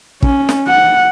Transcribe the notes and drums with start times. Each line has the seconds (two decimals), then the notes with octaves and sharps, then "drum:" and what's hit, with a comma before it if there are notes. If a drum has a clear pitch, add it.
0.22 C#4, drum: kick
0.49 drum: snare
0.68 F#5